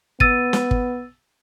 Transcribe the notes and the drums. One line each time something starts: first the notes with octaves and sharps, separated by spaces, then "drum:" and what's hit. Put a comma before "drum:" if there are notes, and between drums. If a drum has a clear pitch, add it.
B3 E6 A6 D#7, drum: kick
drum: snare
drum: kick